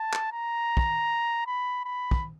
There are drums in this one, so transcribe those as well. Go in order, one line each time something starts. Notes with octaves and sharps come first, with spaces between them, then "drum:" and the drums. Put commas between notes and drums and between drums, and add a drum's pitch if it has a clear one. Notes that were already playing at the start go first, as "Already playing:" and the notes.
Already playing: A5
drum: clap
A#5
drum: kick
B5
B5
drum: kick